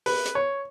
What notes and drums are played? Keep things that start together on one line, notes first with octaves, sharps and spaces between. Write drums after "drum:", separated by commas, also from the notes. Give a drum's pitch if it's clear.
B4, drum: open hi-hat
drum: hi-hat
C#5